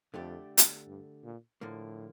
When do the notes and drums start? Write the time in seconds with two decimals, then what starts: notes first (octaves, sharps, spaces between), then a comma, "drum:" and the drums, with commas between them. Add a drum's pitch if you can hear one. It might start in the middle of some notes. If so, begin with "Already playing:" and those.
0.14 F2 D3 A3 D4 G4
0.57 drum: hi-hat
0.88 G2
1.24 A#2
1.61 A2 D3 F3 A#3